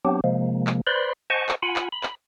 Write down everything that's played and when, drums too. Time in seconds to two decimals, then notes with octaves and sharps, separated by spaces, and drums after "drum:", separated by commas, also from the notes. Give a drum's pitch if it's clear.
0.05 F#3 B3 C4 D4 G4
0.24 C3 F3 G#3 A#3
0.67 drum: clap
0.87 B4 C5 D5 B5 C6
1.30 C5 D#5 F#5 G#5 A5 C#6
1.49 drum: clap
1.62 F4 F#5 G#5 B5
1.76 drum: clap
1.92 B5
2.03 drum: clap